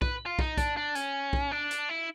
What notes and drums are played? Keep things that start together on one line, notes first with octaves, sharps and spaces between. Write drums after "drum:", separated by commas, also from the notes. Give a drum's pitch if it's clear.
B4, drum: kick
F4
D#4, drum: kick
D4, drum: kick, hi-hat
D4
C#4, drum: hi-hat
drum: kick
D4
drum: hi-hat
E4